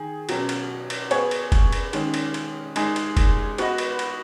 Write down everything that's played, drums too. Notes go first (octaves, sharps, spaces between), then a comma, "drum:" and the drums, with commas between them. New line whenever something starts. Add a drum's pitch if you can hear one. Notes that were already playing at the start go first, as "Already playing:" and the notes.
Already playing: D#3 G#4
B2 F#3 C#4, drum: cymbal
drum: cymbal
drum: cymbal
B3 G#4 C#5, drum: cymbal
drum: cymbal
drum: kick F1, cymbal
drum: cymbal
D#3 G#3 C#4, drum: cymbal
drum: cymbal
drum: cymbal
G#3 D#4 G#4, drum: cymbal
drum: cymbal
drum: kick F1, cymbal
B3 F#4 B4 D#5, drum: cymbal
drum: cymbal
drum: cymbal